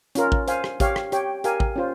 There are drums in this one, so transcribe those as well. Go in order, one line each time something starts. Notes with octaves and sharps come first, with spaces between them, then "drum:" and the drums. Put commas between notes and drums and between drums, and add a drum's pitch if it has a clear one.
C#4 F4 A#4, drum: hi-hat
drum: kick A1
C5 F5 G#5, drum: hi-hat
drum: rim click
G4 C#5 F5, drum: kick A1, hi-hat
drum: rim click
G4 C#5 G5, drum: hi-hat
G4 A#4 F5 G#5, drum: hi-hat
drum: kick A1
C#4 F4 C5